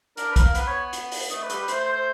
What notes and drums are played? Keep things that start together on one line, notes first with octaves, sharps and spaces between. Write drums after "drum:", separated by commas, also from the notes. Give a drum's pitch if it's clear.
D4 A#4, drum: hi-hat
B4
A#3 A#4, drum: kick A#1, hi-hat
B3 B4, drum: hi-hat
C#5
drum: hi-hat
drum: open hi-hat
A3 D#5, drum: hi-hat
B4
G3, drum: hi-hat
B4
A3 C5, drum: hi-hat
C5
C5